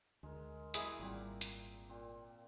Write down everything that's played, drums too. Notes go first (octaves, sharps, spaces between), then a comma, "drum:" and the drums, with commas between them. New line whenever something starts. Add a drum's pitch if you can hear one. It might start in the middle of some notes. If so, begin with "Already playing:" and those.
D2 G#3 A#4
E3 F#3 E4 G#4 D#5, drum: hi-hat
G#1 A#2 G3 C4 G4
drum: hi-hat
A#2 C4